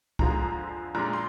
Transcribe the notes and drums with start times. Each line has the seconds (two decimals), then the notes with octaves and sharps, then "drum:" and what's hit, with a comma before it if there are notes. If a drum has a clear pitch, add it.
0.19 F2 D3 F3 G#3 A#5, drum: kick C2
0.95 A#1 A#2 G#3 D4 A#5
1.13 C6